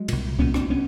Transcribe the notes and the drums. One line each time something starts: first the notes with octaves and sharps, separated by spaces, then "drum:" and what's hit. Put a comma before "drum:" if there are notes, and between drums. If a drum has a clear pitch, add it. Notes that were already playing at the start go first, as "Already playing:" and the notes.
Already playing: F#3 G#3
C2 A#2, drum: cymbal
C2 A#2 B3 C#4, drum: kick C2
C4 D4, drum: rim click
B3 C#4